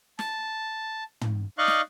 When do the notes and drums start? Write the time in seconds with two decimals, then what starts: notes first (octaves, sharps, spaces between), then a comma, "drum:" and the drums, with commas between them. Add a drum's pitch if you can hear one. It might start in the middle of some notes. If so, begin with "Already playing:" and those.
0.19 A5, drum: snare
1.21 drum: tom
1.58 D#4 D5 D#5 F5 C#6 F#6
1.68 drum: snare